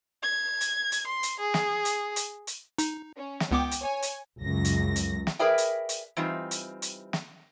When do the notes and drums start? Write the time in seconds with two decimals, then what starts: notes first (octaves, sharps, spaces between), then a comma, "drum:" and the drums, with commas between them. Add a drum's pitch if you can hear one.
0.23 G#6
0.61 drum: hi-hat
0.92 drum: hi-hat
1.07 C6
1.23 drum: hi-hat
1.40 G#4
1.54 drum: snare
1.85 drum: hi-hat
2.16 drum: hi-hat
2.47 drum: hi-hat
2.78 D#4, drum: hi-hat
3.16 C#4
3.40 drum: snare
3.51 C#2 B3 G5 D6
3.71 drum: hi-hat
3.81 C#5 G#5
4.02 drum: hi-hat
4.41 C#2 F#2 A#6
4.65 drum: hi-hat
4.96 drum: hi-hat
5.27 drum: snare
5.39 G#4 A#4 B4 D5 E5 G5
5.58 drum: hi-hat
5.89 drum: hi-hat
6.17 E3 G3 C4 D#4 F4
6.51 drum: hi-hat
6.82 drum: hi-hat
7.13 drum: snare